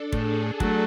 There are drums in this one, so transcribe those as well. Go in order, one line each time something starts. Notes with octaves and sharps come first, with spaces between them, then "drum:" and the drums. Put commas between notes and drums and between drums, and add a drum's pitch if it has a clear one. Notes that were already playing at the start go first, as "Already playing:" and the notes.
Already playing: D4 A4
A2 G#4, drum: kick
F#3 A3, drum: kick